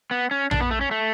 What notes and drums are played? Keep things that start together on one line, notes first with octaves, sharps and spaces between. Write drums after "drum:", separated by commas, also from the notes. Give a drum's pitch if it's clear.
B3
C#4
D4, drum: tom A#1
B3
A3
C#4
A3